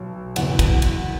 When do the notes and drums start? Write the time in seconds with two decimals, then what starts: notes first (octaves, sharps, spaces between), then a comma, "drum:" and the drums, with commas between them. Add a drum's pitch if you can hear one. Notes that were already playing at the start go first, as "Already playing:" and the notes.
Already playing: B1
0.36 F#1 E2 C#3 F#5, drum: cymbal
0.59 drum: kick, cymbal
0.82 drum: cymbal